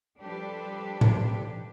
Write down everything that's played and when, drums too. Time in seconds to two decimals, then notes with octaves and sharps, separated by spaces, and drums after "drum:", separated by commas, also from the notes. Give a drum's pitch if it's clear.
0.20 F3 G3 D4 G4 A4 B4
1.01 drum: tom A2